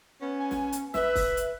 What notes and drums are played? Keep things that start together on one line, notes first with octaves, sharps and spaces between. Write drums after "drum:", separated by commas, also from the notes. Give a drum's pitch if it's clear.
B3 C#4
G#5
drum: snare
drum: hi-hat
B4 E5, drum: snare
drum: kick, open hi-hat
drum: hi-hat